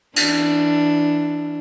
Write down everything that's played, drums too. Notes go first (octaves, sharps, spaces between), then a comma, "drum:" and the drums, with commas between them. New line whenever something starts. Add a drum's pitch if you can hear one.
E3 D4, drum: cymbal